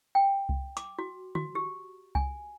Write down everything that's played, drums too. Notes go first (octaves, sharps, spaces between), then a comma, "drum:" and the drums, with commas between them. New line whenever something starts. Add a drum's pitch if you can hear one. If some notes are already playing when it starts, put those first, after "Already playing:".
G5
drum: kick C2
D6, drum: hi-hat
F#4
F#4, drum: tom D3
G4
G#5, drum: kick C2